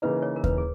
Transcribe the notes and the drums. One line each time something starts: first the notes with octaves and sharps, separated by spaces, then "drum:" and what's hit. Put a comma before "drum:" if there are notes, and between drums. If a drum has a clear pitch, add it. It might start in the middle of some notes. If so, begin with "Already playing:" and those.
C#3 E3 A#3 D#4 B4
C#5
A#4
B4, drum: kick D#2
G#4